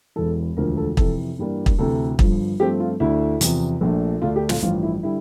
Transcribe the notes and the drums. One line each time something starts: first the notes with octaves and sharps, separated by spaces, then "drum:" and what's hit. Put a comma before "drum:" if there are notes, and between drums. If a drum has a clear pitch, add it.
E1 E2 E3 A4
E1 D2 D3 F3 A#4
A4
F2 C3 E3 A4, drum: kick
G2 E3 G3 A#3 D4
drum: kick
D2 C3 E3 A4
G1 G2 F3, drum: kick
G2 F3 A3 C4 G4
F4
D2 D3 A3 D4 E4
E2 C3 F3, drum: hi-hat
A#1 A#2 A3 D4
D2 D3 A3 D4 F4
G4
F4, drum: snare
A1 G2 F3 F4
E4
D3 G3 E4